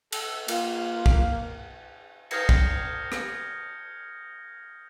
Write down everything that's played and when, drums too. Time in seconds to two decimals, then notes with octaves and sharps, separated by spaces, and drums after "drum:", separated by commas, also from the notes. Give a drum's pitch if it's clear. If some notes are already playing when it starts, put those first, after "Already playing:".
0.12 A4, drum: cymbal
0.48 A#3 F4, drum: cymbal
1.06 drum: kick
2.31 D#6 F6 G6 G#6 A#6 C#7, drum: cymbal
2.49 drum: kick
3.12 drum: rim click